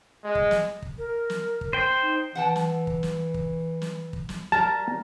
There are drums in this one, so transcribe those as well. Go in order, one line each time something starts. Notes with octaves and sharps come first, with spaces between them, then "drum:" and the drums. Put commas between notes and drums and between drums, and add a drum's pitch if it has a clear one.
G#3
drum: kick
drum: snare
drum: kick
A#4
drum: snare
drum: kick
C5 G5
D#4
E3 F#5 G5 A5
drum: snare
drum: kick
drum: snare
drum: kick
drum: snare
drum: kick
drum: snare
G3 A#4 A5 A#5